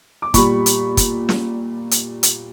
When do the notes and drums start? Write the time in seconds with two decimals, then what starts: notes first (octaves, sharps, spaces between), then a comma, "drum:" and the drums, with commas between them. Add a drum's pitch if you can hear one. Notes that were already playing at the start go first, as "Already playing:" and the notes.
0.22 D6
0.34 A#2 G3 B5 C#6, drum: kick, hi-hat
0.66 drum: hi-hat
0.97 drum: kick, hi-hat
1.29 drum: snare
1.91 drum: hi-hat
2.23 drum: hi-hat